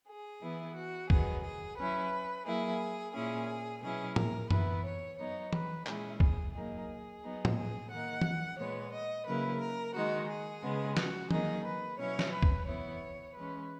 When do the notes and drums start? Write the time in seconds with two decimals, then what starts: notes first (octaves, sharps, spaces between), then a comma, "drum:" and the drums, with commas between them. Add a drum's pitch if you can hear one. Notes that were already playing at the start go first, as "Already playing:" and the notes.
0.08 G#4
0.41 E3 B3 E4
0.75 F#4
1.10 D#3 F#3 B3 G#4, drum: kick
1.43 G#4
1.78 F#3 C#4 E4 B4
2.46 F#3 A#3 E4 G#4
3.14 A#2 A#3 C#4 E4 G#4
3.83 B2 F#3 C#4 E4 G#4
4.16 A#4, drum: tom
4.51 E3 B3 E4 B4, drum: tom F#2
4.84 C#5
5.18 F#3 B3 D#4 C#5
5.53 B4, drum: tom
5.86 A#2 G#3 C#4 E4 G#4, drum: clap
6.20 G#4, drum: kick
6.54 F#3 A#3 D#4 G#4
7.22 F#3 B3 D#4
7.45 drum: tom
7.56 G#4
7.90 D#3 A#3 D#4 F#5
8.22 drum: tom
8.58 A#2 G#3 B3 C#5
8.92 D#5
9.26 C#3 F#3 A#3 E4 B4
9.61 A#4
9.96 D#3 G#3 D#4 F#4
10.30 G#4
10.63 C#3 G#3 B3
10.97 F#4, drum: snare
11.31 D#3 F#3 A#3 D#4 G#4, drum: tom
11.65 B4
11.99 B2 F#3 C#4 E4 C#5
12.19 drum: snare
12.33 B4
12.43 drum: kick
12.67 E3 B3 E4 C#5
13.35 E3 G#3 C#4 B4